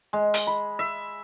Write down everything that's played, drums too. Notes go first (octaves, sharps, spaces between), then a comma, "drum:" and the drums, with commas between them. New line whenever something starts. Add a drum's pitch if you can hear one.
G#3
drum: hi-hat
B5
E5